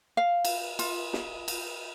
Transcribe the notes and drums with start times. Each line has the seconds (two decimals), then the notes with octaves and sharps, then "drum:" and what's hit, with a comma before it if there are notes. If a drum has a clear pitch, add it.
0.17 F5
0.45 drum: cymbal
0.79 F4, drum: cymbal
1.13 drum: snare
1.48 drum: cymbal